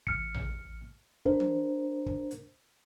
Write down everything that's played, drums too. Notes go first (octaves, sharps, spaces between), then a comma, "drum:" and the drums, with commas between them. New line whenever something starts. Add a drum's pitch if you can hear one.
A1 F6 C#7, drum: kick
drum: tom A#1
D4 A#4 C5, drum: kick
drum: tom E3
drum: kick
drum: hi-hat